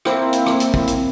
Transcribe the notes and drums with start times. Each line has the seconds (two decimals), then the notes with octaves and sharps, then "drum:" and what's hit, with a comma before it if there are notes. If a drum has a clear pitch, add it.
0.05 A#3 C4 E4, drum: rim click
0.33 drum: hi-hat
0.46 drum: rim click
0.60 drum: hi-hat
0.74 drum: kick
0.87 drum: hi-hat